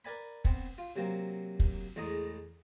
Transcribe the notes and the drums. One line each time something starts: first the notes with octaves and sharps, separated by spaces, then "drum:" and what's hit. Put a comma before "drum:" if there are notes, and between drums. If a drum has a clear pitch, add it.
A#4 B4 D5 G#5 B5
B3 C4, drum: kick
F4
C3 F#3 A#3 C4
drum: kick
E2 A2 G#3 A#5 D#6